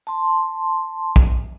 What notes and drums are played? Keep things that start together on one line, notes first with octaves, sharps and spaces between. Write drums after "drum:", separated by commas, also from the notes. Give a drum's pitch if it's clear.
A5 C6
drum: kick B1